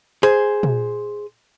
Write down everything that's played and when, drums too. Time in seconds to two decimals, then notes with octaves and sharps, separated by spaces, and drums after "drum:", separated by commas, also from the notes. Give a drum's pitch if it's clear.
0.23 G#4 C5, drum: hi-hat
0.63 drum: tom A#2